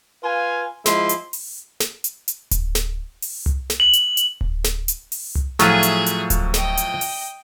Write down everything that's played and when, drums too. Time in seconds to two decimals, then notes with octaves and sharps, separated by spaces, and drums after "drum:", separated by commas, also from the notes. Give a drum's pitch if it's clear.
0.24 F4 B4 F5 G#5
0.86 F3 G#3 E4 C6, drum: snare
1.09 drum: hi-hat
1.33 drum: open hi-hat
1.80 drum: snare
2.04 drum: hi-hat
2.28 drum: hi-hat
2.51 drum: kick D1, hi-hat
2.75 drum: snare
3.22 drum: open hi-hat
3.46 drum: tom C2
3.70 drum: snare
3.80 F#7
3.93 drum: hi-hat
4.17 drum: hi-hat
4.41 drum: kick D1
4.64 drum: snare
4.88 drum: hi-hat
5.12 drum: open hi-hat
5.35 drum: tom C2
5.59 A2 F3 F#3 F4 G#4 A4 E5 G#5, drum: snare
5.83 drum: hi-hat
6.06 drum: hi-hat
6.30 drum: kick D1, hi-hat
6.54 D#5 G5, drum: snare
6.77 drum: hi-hat
7.01 drum: open hi-hat